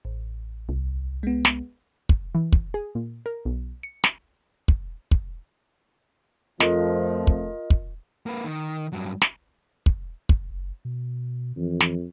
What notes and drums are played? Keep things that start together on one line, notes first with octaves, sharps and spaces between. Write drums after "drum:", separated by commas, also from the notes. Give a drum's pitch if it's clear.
A1
C2
G#3 B3
drum: snare
drum: kick
E3
drum: kick
G#4
A#2
A#4
B1
C#7
drum: snare
drum: kick
drum: kick
F2 F3 A3 F4 A#4 D#5, drum: snare
drum: kick
drum: kick
A#3 B4
D#3
G2 F#3
drum: snare
drum: kick
drum: kick
F#1
B2
F2 E3
drum: snare